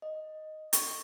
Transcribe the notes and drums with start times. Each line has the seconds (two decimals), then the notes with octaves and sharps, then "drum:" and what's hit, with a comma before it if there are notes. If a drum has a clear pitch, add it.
0.02 D#5
0.73 C#6, drum: hi-hat